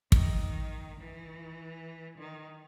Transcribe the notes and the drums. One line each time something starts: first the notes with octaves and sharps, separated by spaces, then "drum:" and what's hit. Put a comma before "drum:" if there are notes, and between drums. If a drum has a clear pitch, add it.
D#3, drum: kick
E3
D#3